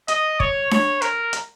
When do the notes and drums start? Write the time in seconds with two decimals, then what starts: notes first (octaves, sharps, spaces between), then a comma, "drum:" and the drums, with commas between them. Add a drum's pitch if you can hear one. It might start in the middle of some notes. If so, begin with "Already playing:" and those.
0.08 D#5, drum: hi-hat
0.40 C#5, drum: kick
0.71 C#5, drum: snare D4
1.02 A#4, drum: hi-hat
1.33 drum: hi-hat